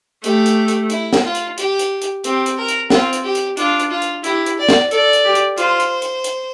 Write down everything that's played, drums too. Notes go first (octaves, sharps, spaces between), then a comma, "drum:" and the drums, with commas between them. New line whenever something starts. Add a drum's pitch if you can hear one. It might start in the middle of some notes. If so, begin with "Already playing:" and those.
A3 G4, drum: hi-hat
drum: hi-hat
drum: hi-hat
E4, drum: hi-hat
drum: snare
F4
drum: hi-hat
G4, drum: hi-hat
drum: hi-hat
drum: hi-hat
C4 G4, drum: hi-hat
drum: hi-hat
A#4
drum: hi-hat
C4 F4, drum: snare
drum: hi-hat
G4
drum: hi-hat
D4 F4, drum: hi-hat
drum: hi-hat
F4
drum: hi-hat
E4 G4, drum: hi-hat
drum: hi-hat
D5
drum: snare
A4 D5, drum: hi-hat
drum: hi-hat
G4
drum: hi-hat
F4 C5, drum: hi-hat
drum: hi-hat
drum: hi-hat
drum: hi-hat